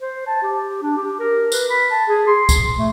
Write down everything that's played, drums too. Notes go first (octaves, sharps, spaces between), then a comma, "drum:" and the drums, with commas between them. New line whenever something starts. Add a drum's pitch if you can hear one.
C5
A5
G4
D4
G4
A#4
B4, drum: tambourine
B5
A5
G#4
C6
drum: kick C#2, tambourine
A3